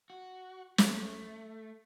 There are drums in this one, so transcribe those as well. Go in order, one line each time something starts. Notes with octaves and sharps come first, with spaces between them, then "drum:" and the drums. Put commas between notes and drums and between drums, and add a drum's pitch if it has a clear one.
F#4
A3, drum: snare